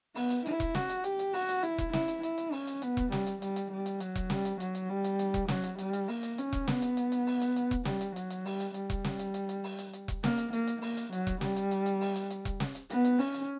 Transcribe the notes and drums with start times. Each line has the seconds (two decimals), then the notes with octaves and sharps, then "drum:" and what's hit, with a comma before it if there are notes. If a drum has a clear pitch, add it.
0.15 B3, drum: open hi-hat
0.30 drum: hi-hat
0.46 E4, drum: hi-hat
0.60 drum: kick E1, hi-hat
0.75 F#4, drum: snare
0.89 drum: hi-hat
1.04 G4, drum: hi-hat
1.19 drum: hi-hat
1.33 F#4, drum: open hi-hat
1.49 drum: hi-hat
1.63 E4, drum: hi-hat
1.78 drum: kick E1, hi-hat
1.93 E4, drum: snare
2.08 drum: hi-hat
2.23 E4, drum: hi-hat
2.38 drum: hi-hat
2.52 C#4, drum: open hi-hat
2.67 drum: hi-hat
2.82 B3, drum: hi-hat
2.97 drum: kick E1, hi-hat
3.12 G3, drum: snare
3.27 drum: hi-hat
3.42 G3, drum: hi-hat
3.56 drum: hi-hat
3.71 G3
3.86 drum: hi-hat
4.00 F#3, drum: hi-hat
4.15 drum: kick E1, hi-hat
4.30 G3, drum: snare
4.45 drum: hi-hat
4.60 F#3, drum: hi-hat
4.75 drum: hi-hat
4.89 G3
5.04 drum: hi-hat
5.19 drum: hi-hat
5.34 drum: kick E1, hi-hat
5.48 F#3, drum: snare
5.64 drum: hi-hat
5.79 G3, drum: hi-hat
5.93 drum: hi-hat
6.08 A#3, drum: open hi-hat
6.23 drum: hi-hat
6.38 C#4, drum: hi-hat
6.53 drum: kick E1, hi-hat
6.68 B3, drum: snare
6.82 drum: hi-hat
6.97 drum: hi-hat
7.12 drum: hi-hat
7.27 drum: open hi-hat
7.41 drum: hi-hat
7.56 drum: hi-hat
7.71 drum: kick E1, hi-hat
7.85 G3, drum: snare
8.01 drum: hi-hat
8.16 F#3, drum: hi-hat
8.30 drum: hi-hat
8.45 G3, drum: open hi-hat
8.60 drum: hi-hat
8.74 G3, drum: hi-hat
8.90 drum: kick E1, hi-hat
9.04 drum: snare
9.19 drum: hi-hat
9.34 drum: hi-hat
9.49 drum: hi-hat
9.64 drum: open hi-hat
9.79 drum: hi-hat
9.93 drum: hi-hat
10.08 drum: kick E1, hi-hat
10.24 A#3, drum: snare
10.38 drum: hi-hat
10.53 A#3, drum: hi-hat
10.67 drum: hi-hat
10.82 A#3, drum: open hi-hat
10.97 drum: hi-hat
11.13 F#3, drum: hi-hat
11.27 drum: kick E1, hi-hat
11.41 G3, drum: snare
11.56 drum: hi-hat
11.71 drum: hi-hat
11.86 drum: hi-hat
12.01 drum: open hi-hat
12.16 drum: hi-hat
12.30 drum: hi-hat
12.45 drum: kick E1, hi-hat
12.60 drum: snare
12.75 drum: hi-hat
12.90 B3, drum: hi-hat
13.05 drum: hi-hat
13.19 C#4, drum: open hi-hat
13.34 drum: hi-hat